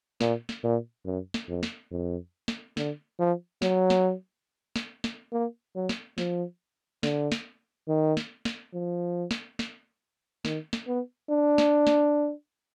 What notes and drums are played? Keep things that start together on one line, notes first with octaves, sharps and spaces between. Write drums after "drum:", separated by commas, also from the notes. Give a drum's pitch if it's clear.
A#2, drum: snare
drum: snare
A#2
F#2
drum: snare
F2
drum: snare
F2
drum: snare
D3, drum: snare
F3
F#3, drum: snare
drum: snare
drum: snare
drum: snare
A#3
F#3
drum: snare
F3, drum: snare
D3, drum: snare
drum: snare
D#3
drum: snare
drum: snare
F3
drum: snare
drum: snare
D#3, drum: snare
drum: snare
B3
D4
drum: snare
drum: snare